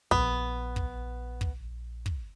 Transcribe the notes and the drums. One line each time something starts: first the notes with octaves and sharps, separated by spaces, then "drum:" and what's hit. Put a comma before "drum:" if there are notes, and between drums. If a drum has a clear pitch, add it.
A#1 B3, drum: kick
drum: kick
drum: kick
drum: kick